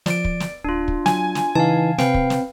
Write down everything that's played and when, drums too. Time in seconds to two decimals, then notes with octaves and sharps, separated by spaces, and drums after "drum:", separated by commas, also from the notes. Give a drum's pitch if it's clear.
0.06 F3 D5 D7, drum: snare
0.25 drum: kick
0.40 drum: snare
0.64 D1 D4 F4
0.88 drum: kick
1.06 F#3 G#5, drum: snare
1.35 drum: snare
1.55 C#3 E3 D#4 F5 A5
1.98 C3 C4 B4 F5 G5, drum: snare
2.14 drum: kick
2.30 drum: snare